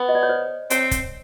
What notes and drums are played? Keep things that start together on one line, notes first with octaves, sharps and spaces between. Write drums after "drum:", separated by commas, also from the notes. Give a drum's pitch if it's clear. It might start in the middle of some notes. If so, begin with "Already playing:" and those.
Already playing: B3
D#5
D5
C#5
C5
C4 C#5, drum: hi-hat
drum: kick, hi-hat